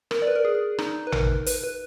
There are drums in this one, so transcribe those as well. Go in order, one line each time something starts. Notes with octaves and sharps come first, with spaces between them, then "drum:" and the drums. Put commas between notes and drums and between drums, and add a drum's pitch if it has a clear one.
A#4, drum: rim click
D5
B4
A#4
G#4
D#4, drum: rim click
B4
A#4, drum: tom A1
B4, drum: hi-hat
B4